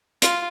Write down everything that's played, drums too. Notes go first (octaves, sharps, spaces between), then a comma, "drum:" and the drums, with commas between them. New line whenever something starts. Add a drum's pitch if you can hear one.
F4, drum: hi-hat